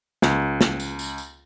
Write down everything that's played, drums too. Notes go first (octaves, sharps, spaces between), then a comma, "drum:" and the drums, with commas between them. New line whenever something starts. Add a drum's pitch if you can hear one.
C#2, drum: snare
drum: snare
drum: tambourine
drum: tambourine
drum: tambourine